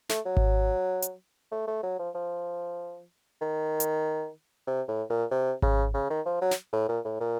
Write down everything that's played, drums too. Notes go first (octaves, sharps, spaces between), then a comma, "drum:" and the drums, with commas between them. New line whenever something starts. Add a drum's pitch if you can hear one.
A3, drum: snare
F#3
drum: kick G#1
drum: hi-hat
A3
A3
F#3
F3
F3
D#3
drum: hi-hat
C3
A2
A#2
C3
C#3, drum: kick G#1
C#3
D#3
F3
F#3
drum: snare
A2
A#2
A2
A#2